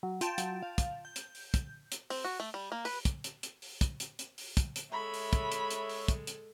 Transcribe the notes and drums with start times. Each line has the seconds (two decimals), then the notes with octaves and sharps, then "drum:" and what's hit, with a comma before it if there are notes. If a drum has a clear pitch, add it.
0.03 F#3
0.21 F4 G5 A5 G6, drum: hi-hat
0.38 F#3, drum: hi-hat
0.63 F5
0.78 drum: kick, hi-hat
1.05 G6
1.16 drum: hi-hat
1.35 drum: open hi-hat
1.54 drum: kick, hi-hat
1.92 drum: hi-hat
2.10 C4, drum: open hi-hat
2.25 F#4
2.40 A3
2.54 G3
2.72 A#3
2.85 B4, drum: open hi-hat
3.05 drum: kick, hi-hat
3.24 drum: hi-hat
3.43 drum: hi-hat
3.62 drum: open hi-hat
3.81 drum: kick, hi-hat
4.00 drum: hi-hat
4.19 drum: hi-hat
4.38 drum: open hi-hat
4.57 drum: kick, hi-hat
4.76 drum: hi-hat
4.92 G#3 A4 C#5 E5 B5
5.14 drum: open hi-hat
5.33 drum: kick, hi-hat
5.52 drum: hi-hat
5.71 drum: hi-hat
5.89 drum: open hi-hat
6.08 drum: kick, hi-hat
6.27 drum: hi-hat